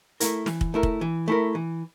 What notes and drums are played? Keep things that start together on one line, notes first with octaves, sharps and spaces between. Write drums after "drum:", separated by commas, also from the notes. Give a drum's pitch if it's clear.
A3 E4 A#4, drum: hi-hat
E3, drum: snare
drum: kick
A3 E4 A#4
drum: kick
E3
A3 E4 A#4
E3